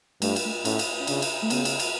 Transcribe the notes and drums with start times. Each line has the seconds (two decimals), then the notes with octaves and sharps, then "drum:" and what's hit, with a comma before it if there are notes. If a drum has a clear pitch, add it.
0.22 G2 A3, drum: cymbal
0.36 drum: cymbal
0.45 A3
0.65 A2 C#4, drum: cymbal
0.79 drum: cymbal
1.00 C#4
1.07 C#3 D4, drum: cymbal
1.22 drum: cymbal
1.42 A3
1.50 C#3 B3, drum: cymbal
1.65 drum: cymbal
1.80 drum: cymbal